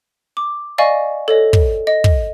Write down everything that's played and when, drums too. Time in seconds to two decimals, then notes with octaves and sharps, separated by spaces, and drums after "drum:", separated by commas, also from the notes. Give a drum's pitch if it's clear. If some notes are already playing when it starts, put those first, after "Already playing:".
0.37 D6
0.78 D5 D#5 F5 G#5 C#6
1.28 A4 C#5 D#5
1.53 drum: kick
1.87 D#5
2.04 drum: kick